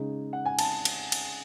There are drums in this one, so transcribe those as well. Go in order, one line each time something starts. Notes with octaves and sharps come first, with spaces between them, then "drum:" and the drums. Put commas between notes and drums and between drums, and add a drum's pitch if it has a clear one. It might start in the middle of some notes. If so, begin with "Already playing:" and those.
Already playing: C#3 G#3 D#4
F#5
G#5
A5, drum: cymbal
drum: cymbal
drum: cymbal